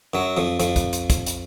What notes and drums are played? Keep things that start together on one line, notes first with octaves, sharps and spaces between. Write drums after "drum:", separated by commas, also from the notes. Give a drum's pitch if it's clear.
F#2 F#3
F2 F3
F2 F3, drum: hi-hat
drum: kick, hi-hat
drum: hi-hat
drum: kick, hi-hat
drum: hi-hat